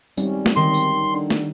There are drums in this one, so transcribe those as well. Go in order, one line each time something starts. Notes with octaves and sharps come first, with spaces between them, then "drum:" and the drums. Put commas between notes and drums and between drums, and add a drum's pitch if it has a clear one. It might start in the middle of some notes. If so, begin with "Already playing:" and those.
G#1 G3 C#4, drum: tambourine
drum: snare
D#3 C6
drum: tambourine
D3
drum: snare